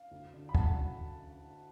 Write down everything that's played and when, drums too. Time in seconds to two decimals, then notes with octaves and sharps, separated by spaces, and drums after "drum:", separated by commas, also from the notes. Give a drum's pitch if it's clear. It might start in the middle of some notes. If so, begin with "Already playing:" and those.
Already playing: F5
0.11 D2
0.34 D3
0.49 B5
0.55 D2 F#5 A5, drum: kick